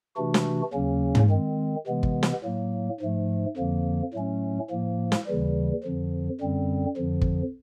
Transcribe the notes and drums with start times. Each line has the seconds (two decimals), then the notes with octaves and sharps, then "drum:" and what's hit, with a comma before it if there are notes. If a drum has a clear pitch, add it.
0.16 C3 E3 A3 D4 F#4
0.34 drum: snare
0.73 D#2 C#3 F#3 A#3 C#4
1.15 drum: tom
1.30 D#3 G#3 C4
1.87 C3 E3 G#3 B3
2.03 drum: kick
2.23 drum: snare
2.44 A2 F#3 A#3
3.00 G#2 F3 A3
3.56 F2 D3 F3 A#3
4.13 A2 F#3 A3 C#4
4.70 A2 F3 A#3
5.12 drum: snare
5.27 D#2 C#3 E3 G3
5.84 F2 D3 F3
6.40 F#2 D3 G3 C4
6.97 F2 D3 F3
7.21 drum: kick